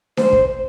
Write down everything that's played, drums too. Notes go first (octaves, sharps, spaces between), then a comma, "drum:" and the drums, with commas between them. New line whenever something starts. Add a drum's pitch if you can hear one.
C5, drum: snare D4
drum: kick